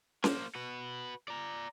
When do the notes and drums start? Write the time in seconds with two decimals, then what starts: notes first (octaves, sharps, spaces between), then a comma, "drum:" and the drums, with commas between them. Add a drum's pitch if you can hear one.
0.24 A#3 C5, drum: snare C#4
0.55 F#4 B4
1.28 D5 A#5